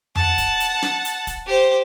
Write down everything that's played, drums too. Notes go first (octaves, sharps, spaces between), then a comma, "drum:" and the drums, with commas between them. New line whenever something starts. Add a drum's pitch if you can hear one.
F#5 A5, drum: tom F2
drum: kick, hi-hat
drum: hi-hat
drum: snare
drum: hi-hat
drum: kick, hi-hat
G4 C5